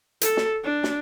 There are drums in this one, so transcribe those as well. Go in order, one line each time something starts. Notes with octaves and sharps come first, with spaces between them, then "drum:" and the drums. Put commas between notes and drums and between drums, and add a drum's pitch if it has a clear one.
A4, drum: hi-hat
drum: snare
D4
drum: snare